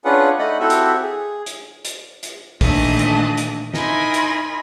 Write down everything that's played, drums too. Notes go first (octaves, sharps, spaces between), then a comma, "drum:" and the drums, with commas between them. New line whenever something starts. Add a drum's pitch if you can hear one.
C#4 D4 F4 G#4 B4 F#5
A3 D#4 D5 D#5 F#5 B5
C4 E4 F#4 G4 A4 E5
drum: hi-hat
G#4
drum: hi-hat
drum: hi-hat
drum: hi-hat
A#2 D#3 E3 A3 D4 D#5, drum: kick A#1, open hi-hat
drum: hi-hat
drum: hi-hat
D#4 E4 A#4 G#5 B5 C6, drum: snare
drum: hi-hat